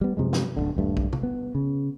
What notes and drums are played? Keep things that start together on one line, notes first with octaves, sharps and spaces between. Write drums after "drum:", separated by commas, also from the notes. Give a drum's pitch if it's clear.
G3 B3
F#2 C3 F3 G#3
drum: snare
D1 A#1 D3
D#1 G2 A3
drum: kick
drum: tom C3
B3
C#3